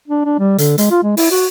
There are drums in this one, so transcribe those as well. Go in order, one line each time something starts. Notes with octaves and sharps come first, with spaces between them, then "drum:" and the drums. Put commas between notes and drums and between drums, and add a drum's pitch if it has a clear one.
D4
D4
G3
D3, drum: hi-hat
G#3, drum: hi-hat
F4
G#3
E4, drum: open hi-hat
F#4